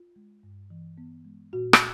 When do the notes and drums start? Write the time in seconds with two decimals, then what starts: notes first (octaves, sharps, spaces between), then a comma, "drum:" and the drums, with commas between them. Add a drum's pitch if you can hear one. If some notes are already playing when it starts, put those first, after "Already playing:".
Already playing: F4
0.16 G#3
0.43 G2
0.70 E3
0.98 B3
1.25 G#3
1.53 A#2 F#4
1.73 drum: rim click